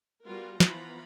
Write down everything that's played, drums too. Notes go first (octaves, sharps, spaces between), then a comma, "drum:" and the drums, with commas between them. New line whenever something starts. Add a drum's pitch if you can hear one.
G3 B3 F4 F#4 A#4
E3 F3 B3 F4 A#5 B5, drum: snare